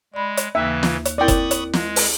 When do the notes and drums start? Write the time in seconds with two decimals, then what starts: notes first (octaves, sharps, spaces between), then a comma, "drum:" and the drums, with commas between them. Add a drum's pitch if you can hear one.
0.14 G#3 D5 B5
0.37 drum: hi-hat
0.55 D#2 C#3 E3 A#3 B4 E5
0.83 drum: snare
1.05 drum: hi-hat
1.18 C4 E4 A#4 D5 G5 B5 C#6 D#6
1.28 drum: kick F#1, hi-hat
1.51 drum: hi-hat
1.73 G#3, drum: snare
1.96 drum: open hi-hat